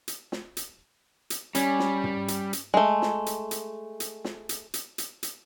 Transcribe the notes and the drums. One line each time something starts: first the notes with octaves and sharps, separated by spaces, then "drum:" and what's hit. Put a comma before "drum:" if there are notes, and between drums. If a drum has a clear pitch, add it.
drum: hi-hat
drum: snare
drum: hi-hat
drum: hi-hat
G3 C#4, drum: hi-hat
drum: snare
drum: tom
drum: hi-hat
drum: hi-hat
G#3 A3
drum: snare
drum: hi-hat
drum: hi-hat
drum: hi-hat
drum: snare
drum: hi-hat
drum: hi-hat
drum: hi-hat
drum: hi-hat